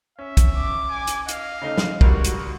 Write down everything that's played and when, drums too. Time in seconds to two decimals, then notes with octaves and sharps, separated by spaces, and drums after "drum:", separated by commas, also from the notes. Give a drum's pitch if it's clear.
0.19 C#4 E5
0.37 drum: kick, hi-hat
0.57 D6
0.90 G#5
1.07 drum: hi-hat
1.28 D#5 F5, drum: hi-hat
1.62 C#3 A3 D#4
1.78 drum: snare
2.01 C#2 G3 F#4 A#4, drum: kick
2.24 drum: hi-hat